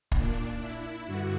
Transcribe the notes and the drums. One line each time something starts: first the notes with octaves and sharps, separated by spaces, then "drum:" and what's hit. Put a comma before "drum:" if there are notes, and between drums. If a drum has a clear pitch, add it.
A#2 D4, drum: kick
E4
G2 D3 F#4